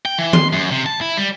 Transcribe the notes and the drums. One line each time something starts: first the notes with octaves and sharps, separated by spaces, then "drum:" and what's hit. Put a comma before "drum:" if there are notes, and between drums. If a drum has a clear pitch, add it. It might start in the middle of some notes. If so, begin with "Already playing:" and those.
G5
E3
C6, drum: tom D#3
F#2
C3
A5
E4
G3